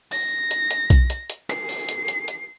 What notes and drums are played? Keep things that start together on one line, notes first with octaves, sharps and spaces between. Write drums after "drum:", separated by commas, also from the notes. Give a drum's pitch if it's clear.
A#6, drum: open hi-hat
drum: hi-hat
drum: hi-hat
drum: kick B1, hi-hat
drum: hi-hat
drum: hi-hat
C7, drum: hi-hat
drum: open hi-hat
drum: hi-hat
drum: hi-hat
drum: hi-hat